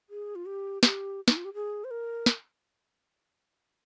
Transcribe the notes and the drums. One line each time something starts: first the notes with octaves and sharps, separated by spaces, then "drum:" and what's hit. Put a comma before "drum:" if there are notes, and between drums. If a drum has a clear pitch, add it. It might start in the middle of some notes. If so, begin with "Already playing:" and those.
G#4
F4
G4
G4, drum: snare
D#4, drum: snare
F4
G4
G#4
C5
A#4
drum: snare